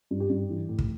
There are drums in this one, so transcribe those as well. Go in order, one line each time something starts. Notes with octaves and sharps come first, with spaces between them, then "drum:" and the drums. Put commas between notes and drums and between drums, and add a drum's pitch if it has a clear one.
G2
G4
G2
E3
A2
drum: kick